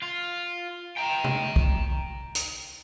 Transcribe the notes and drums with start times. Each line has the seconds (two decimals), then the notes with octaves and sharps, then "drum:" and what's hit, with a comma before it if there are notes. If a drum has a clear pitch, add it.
0.02 F4
0.97 G5 A#5
1.24 drum: tom C3
1.56 drum: kick
2.35 drum: hi-hat